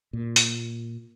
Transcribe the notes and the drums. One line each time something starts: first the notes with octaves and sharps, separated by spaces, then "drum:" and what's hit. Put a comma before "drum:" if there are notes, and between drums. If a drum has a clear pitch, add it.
A#2
drum: hi-hat